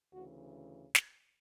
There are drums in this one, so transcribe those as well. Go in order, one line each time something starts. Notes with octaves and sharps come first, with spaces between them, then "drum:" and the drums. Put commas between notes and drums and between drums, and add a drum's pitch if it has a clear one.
D2 C#3 E3 F#4
drum: snare